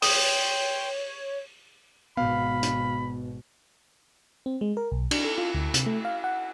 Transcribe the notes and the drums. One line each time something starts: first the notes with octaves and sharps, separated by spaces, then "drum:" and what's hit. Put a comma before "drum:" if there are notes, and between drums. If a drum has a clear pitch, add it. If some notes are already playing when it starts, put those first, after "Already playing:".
C#5 G5 C6 D#6, drum: open hi-hat
G#1 B2 B3 F5 B5
drum: hi-hat
C4
G#3
A#4
B1
D4, drum: cymbal
A4
F4
D2
C3, drum: hi-hat
A3
F5
F#5